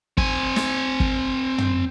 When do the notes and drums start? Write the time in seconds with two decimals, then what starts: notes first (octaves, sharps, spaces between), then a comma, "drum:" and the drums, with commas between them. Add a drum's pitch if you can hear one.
0.17 C4 G#5, drum: kick
0.56 drum: snare
1.00 drum: kick
1.58 drum: tom